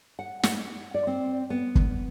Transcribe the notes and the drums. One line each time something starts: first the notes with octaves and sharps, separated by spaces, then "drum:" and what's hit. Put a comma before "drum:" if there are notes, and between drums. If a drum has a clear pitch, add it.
F#5
F#5, drum: snare
D5
C4
B3
drum: kick